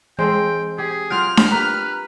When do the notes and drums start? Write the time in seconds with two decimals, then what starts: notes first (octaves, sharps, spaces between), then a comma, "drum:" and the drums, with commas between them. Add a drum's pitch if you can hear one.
0.19 E3 G#3 C4 A4 G5
0.78 G4 G#4
1.10 F#3 F4 F6 G6 D7
1.37 drum: snare D4
1.52 G4 A#4 B4 A#5